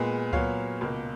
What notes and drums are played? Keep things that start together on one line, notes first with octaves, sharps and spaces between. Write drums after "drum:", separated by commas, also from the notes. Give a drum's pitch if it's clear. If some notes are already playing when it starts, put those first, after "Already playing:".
Already playing: A#2 G#3 B3
A#2 F#3 B3 C#5 F5, drum: kick C#2
C#2 B2 A#3